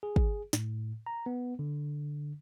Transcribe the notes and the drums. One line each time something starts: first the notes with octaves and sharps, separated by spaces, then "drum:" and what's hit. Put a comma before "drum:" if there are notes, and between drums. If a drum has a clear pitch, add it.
G#4
drum: kick
A2, drum: snare
A#5
B3
D3